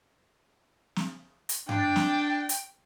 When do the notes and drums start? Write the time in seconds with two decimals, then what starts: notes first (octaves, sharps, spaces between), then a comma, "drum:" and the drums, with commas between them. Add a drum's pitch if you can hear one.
0.96 drum: snare
1.49 drum: hi-hat
1.69 D4 G5, drum: tom G2
1.96 drum: snare
2.49 drum: hi-hat